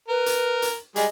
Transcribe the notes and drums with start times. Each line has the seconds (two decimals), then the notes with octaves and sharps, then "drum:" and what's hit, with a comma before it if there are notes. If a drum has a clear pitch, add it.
0.08 A#4 B4
0.26 drum: hi-hat
0.62 drum: hi-hat
0.96 G3 G#3 G#4 D#5, drum: hi-hat